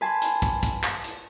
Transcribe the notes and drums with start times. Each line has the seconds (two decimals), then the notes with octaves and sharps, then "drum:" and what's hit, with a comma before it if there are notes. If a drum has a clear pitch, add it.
0.01 B4 G#5 A5 B5 C6
0.22 drum: hi-hat
0.42 drum: kick, hi-hat
0.63 drum: kick, hi-hat
0.83 drum: clap
1.04 drum: hi-hat